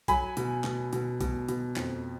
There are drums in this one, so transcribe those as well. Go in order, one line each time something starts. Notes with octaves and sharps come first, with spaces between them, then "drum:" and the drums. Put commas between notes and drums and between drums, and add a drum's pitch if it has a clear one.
F#3 G#5 B5, drum: kick B1, hi-hat
B2, drum: hi-hat
B2, drum: clap
B2, drum: hi-hat
B2, drum: kick B1, hi-hat
B2, drum: hi-hat
F2, drum: clap